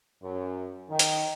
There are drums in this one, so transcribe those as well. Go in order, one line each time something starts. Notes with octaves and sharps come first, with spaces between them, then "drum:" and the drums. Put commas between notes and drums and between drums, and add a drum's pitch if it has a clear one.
F#2
D#3
drum: hi-hat